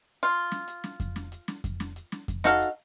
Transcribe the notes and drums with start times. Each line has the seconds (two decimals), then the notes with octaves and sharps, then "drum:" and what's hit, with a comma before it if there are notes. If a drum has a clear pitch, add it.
0.23 F4
0.52 drum: snare
0.68 drum: hi-hat
0.84 drum: snare
1.00 drum: kick F2, hi-hat
1.16 drum: snare
1.32 drum: hi-hat
1.48 drum: snare
1.64 drum: kick F2, hi-hat
1.80 drum: snare
1.96 drum: hi-hat
2.12 drum: snare
2.28 drum: kick F2, hi-hat
2.44 D#4 F#4 A4 F5, drum: snare
2.60 drum: hi-hat